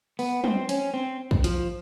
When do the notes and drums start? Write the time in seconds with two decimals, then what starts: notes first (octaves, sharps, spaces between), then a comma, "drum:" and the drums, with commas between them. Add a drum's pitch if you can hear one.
0.19 B3, drum: open hi-hat
0.44 C4, drum: tom
0.69 C#4, drum: hi-hat
0.94 C4
1.31 drum: kick
1.44 F3, drum: hi-hat